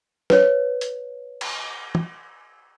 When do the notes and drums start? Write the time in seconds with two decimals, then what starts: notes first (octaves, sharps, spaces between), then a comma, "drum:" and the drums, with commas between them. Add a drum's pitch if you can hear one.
0.30 B4 C#5, drum: snare
0.81 drum: hi-hat
1.41 drum: cymbal
1.95 drum: tom